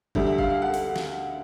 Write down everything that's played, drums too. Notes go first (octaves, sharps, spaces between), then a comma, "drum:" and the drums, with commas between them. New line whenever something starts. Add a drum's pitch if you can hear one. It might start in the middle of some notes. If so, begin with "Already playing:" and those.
D2 D3 G3 E5, drum: kick G1
E5
F5, drum: kick G1
F5
F#5
drum: open hi-hat
drum: snare